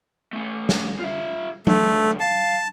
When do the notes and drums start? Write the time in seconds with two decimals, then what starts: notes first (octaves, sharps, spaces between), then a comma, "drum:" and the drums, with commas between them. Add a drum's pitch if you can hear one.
0.33 A3 C#4
0.69 drum: snare
1.00 F4 E5
1.67 C#2 D3 A3, drum: tom F#3
2.20 F5 A5